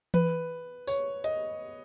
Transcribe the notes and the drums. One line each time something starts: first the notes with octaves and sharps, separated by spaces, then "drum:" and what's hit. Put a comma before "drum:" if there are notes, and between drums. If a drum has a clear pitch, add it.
B4, drum: tom E3
C#5, drum: tambourine
D#5, drum: hi-hat